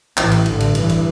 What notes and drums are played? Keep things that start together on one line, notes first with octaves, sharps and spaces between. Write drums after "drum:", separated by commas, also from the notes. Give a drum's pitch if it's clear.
A1 A2 E3, drum: clap
drum: cymbal
A1 G2 D3, drum: cymbal
drum: cymbal
G1 G2 E3, drum: cymbal
drum: cymbal